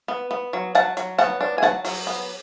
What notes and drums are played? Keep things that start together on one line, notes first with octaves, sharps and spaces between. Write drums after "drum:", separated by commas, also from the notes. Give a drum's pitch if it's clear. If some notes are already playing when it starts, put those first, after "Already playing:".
B3
B3
F#3
F#3 F#5 A5, drum: hi-hat
F#3, drum: hi-hat
B3 F#5 A5, drum: snare
D4
G#5
F#3 F#5 A5, drum: snare
F#3, drum: open hi-hat
B3, drum: hi-hat